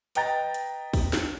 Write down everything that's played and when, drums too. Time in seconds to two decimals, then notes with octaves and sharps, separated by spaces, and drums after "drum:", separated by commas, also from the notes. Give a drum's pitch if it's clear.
0.15 B4 D#5 G5 A#5 A6, drum: hi-hat
0.54 drum: hi-hat
0.94 drum: kick, open hi-hat
1.13 drum: snare